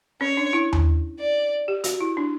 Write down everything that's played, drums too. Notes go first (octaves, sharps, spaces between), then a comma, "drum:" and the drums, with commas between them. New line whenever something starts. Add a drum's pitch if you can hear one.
C#4 C#5
D4
E4
drum: tom D#2
D5
G4
F#4, drum: hi-hat
E4
D4